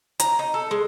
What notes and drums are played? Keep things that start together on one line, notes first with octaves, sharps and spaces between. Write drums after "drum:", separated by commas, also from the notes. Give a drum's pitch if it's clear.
A#5, drum: hi-hat
D#4
A4
G#3